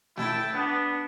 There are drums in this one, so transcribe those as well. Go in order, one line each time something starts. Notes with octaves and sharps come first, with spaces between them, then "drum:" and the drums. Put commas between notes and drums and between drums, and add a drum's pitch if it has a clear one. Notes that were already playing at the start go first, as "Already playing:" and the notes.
E4 G5 A5, drum: snare A3
B3 D4